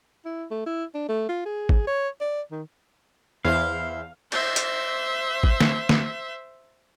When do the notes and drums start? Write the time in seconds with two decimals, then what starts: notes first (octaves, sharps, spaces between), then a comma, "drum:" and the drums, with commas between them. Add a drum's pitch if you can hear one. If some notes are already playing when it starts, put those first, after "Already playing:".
0.25 E4
0.51 A3
0.66 E4
0.94 D4
1.08 A3
1.28 F4
1.46 G#4
1.69 drum: kick
1.87 C#5
2.21 D5
2.51 D#3
3.45 E2 E4 C5 F5
4.32 C5 E5, drum: cymbal
4.56 drum: hi-hat
5.44 drum: kick
5.60 drum: snare
5.89 drum: snare